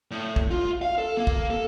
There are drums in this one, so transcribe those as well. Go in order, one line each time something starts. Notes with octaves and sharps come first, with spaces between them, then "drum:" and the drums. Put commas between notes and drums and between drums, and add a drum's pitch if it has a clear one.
A2
drum: kick
F4
F5
A4
A#3
drum: kick
A4